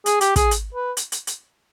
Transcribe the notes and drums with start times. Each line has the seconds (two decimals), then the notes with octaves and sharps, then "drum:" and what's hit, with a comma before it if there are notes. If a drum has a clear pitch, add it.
0.06 G#4, drum: hi-hat
0.21 G4, drum: hi-hat
0.36 G#4, drum: kick, hi-hat
0.51 drum: hi-hat
0.74 B4
0.97 drum: hi-hat
1.12 drum: hi-hat
1.27 drum: hi-hat